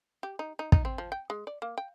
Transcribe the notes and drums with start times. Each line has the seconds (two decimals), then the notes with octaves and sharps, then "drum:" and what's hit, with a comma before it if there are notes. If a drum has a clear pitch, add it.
0.23 G4
0.39 D#4
0.59 D#4
0.72 D#4, drum: kick
0.85 C4
0.98 F3
1.12 G5
1.30 G#3
1.47 D5
1.62 A#3
1.78 G5